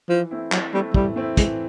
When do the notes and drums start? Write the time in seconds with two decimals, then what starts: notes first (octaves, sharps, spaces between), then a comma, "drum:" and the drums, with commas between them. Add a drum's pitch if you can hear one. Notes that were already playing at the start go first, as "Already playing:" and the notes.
0.09 E3 F3
0.31 A3 C4 E4
0.52 E3 F#3, drum: clap
0.74 G3 A3 C4 E4
0.94 E3 G3, drum: kick
1.16 A3 C4 E4
1.37 E3 G#3, drum: kick, hi-hat